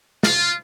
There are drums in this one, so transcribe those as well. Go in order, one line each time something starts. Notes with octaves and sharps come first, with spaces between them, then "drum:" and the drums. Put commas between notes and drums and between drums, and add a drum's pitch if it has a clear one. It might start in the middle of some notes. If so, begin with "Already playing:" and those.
F4, drum: snare